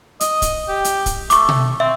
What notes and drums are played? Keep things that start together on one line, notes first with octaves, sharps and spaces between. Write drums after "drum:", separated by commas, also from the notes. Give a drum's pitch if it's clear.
D#5, drum: hi-hat
drum: kick, hi-hat
G4
drum: hi-hat
drum: kick, hi-hat
A3 C#6 D6, drum: hi-hat
drum: tom B2
C4 E5